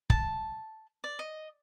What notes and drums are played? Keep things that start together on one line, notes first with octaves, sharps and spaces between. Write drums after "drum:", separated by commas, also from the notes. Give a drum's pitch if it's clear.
A5, drum: kick
D5
D#5